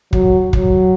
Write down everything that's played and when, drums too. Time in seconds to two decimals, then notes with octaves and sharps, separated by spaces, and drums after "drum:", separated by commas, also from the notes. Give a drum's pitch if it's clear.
0.13 F#3, drum: kick
0.53 F#3, drum: kick